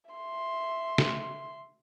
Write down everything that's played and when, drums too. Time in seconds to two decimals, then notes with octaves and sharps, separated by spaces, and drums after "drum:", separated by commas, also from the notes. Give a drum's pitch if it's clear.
0.11 E5 C6
0.98 drum: snare